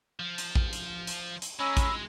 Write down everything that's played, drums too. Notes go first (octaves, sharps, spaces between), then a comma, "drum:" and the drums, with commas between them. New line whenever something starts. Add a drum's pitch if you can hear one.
F3
drum: hi-hat
drum: kick A1
drum: hi-hat
drum: hi-hat
drum: hi-hat
G#3 C#4 A#5 B5 E6
drum: kick A1, hi-hat